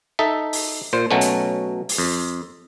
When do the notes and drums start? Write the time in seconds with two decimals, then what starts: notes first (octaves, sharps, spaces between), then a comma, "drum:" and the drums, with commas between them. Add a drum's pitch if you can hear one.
0.19 D#4 A4 E5
0.53 drum: open hi-hat
0.93 A#2 C5
1.11 B2 F#3 A3 C#4
1.21 drum: hi-hat
1.89 drum: open hi-hat
1.98 F2